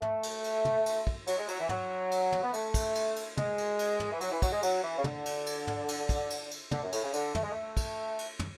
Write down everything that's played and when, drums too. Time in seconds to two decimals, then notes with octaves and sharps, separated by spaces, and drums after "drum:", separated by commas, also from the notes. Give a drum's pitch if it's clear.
0.02 A3, drum: tom
0.23 drum: cymbal
0.44 drum: cymbal
0.65 drum: tom
0.86 drum: cymbal
1.07 drum: kick
1.27 F#3, drum: cymbal
1.38 G#3
1.48 F#3, drum: cymbal
1.60 E3
1.69 F#3, drum: tom
2.11 drum: cymbal
2.32 drum: tom
2.43 B3
2.53 A3, drum: cymbal
2.74 drum: kick, cymbal
2.95 drum: cymbal
3.16 drum: cymbal
3.37 G#3, drum: tom
3.58 drum: cymbal
3.79 drum: cymbal
4.00 drum: tom
4.12 E3
4.21 F#3, drum: cymbal
4.32 E3
4.42 F#3, drum: kick, cymbal
4.52 G#3
4.63 F#3, drum: cymbal
4.83 E3
4.98 C#3
5.04 D3, drum: tom
5.25 drum: cymbal
5.46 drum: cymbal
5.67 drum: tom
5.88 drum: cymbal
6.09 drum: kick, cymbal
6.30 drum: cymbal
6.51 drum: cymbal
6.71 D3, drum: tom
6.83 F#2
6.92 A2, drum: cymbal
7.03 C#3
7.13 D3, drum: cymbal
7.35 A3, drum: tom
7.43 G#3
7.52 A3
7.77 drum: kick, cymbal
8.18 drum: cymbal
8.39 drum: tom